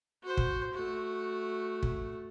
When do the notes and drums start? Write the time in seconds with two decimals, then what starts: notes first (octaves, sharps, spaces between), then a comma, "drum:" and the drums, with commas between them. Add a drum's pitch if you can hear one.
0.23 F#4 C5
0.37 drum: kick
0.74 A3 F#4
1.83 drum: kick